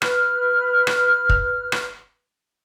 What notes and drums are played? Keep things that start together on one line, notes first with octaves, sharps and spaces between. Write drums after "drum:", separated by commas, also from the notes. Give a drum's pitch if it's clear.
B4 F6, drum: rim click
drum: rim click
drum: kick
drum: rim click